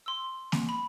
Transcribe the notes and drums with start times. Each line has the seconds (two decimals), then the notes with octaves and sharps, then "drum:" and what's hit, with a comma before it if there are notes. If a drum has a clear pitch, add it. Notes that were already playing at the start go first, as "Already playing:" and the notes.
0.06 C6 E6
0.52 drum: snare A#3
0.69 B5